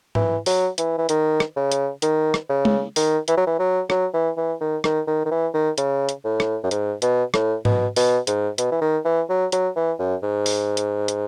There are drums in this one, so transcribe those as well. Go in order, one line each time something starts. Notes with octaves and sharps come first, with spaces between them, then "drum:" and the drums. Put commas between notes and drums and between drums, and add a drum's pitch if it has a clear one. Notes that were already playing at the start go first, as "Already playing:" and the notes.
E3, drum: tom G#2
F#3, drum: open hi-hat
E3, drum: hi-hat
E3
D#3, drum: hi-hat
drum: rim click
C#3
drum: hi-hat
D#3, drum: hi-hat
drum: rim click
C#3
drum: tom G#3
D#3, drum: open hi-hat
E3, drum: hi-hat
F#3
E3
F#3
F#3, drum: rim click
E3
E3
D#3
D#3, drum: rim click
D#3
D#3
E3
D#3
C#3, drum: hi-hat
drum: hi-hat
A2
drum: rim click
F#2
G#2, drum: hi-hat
B2, drum: hi-hat
A2, drum: rim click
B2, drum: tom G#2
B2, drum: open hi-hat
G#2, drum: hi-hat
B2, drum: hi-hat
E3
D#3
E3
F#3
F#3, drum: hi-hat
E3
F#2
G#2
drum: open hi-hat
drum: hi-hat
drum: hi-hat